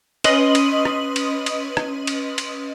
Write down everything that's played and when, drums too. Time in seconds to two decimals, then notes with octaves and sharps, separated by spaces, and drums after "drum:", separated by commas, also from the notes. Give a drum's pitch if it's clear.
0.24 C#4 B4 D#5 C6 D#6 F#7, drum: cymbal
0.55 drum: cymbal
0.85 drum: rim click
1.16 drum: cymbal
1.46 drum: cymbal
1.77 drum: rim click
2.07 drum: cymbal
2.38 drum: cymbal